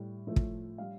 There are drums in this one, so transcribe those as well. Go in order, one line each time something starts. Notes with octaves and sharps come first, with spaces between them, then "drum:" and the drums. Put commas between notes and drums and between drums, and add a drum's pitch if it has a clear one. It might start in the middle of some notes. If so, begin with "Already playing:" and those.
Already playing: A2 G3
A2 F3 A3
drum: kick
G3 F5